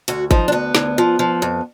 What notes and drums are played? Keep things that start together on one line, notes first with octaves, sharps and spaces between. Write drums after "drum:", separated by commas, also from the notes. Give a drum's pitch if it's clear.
D2 F#4, drum: hi-hat
F3 D#4, drum: kick G#1
D4
D2 B3
D2, drum: snare
F3
F3
F2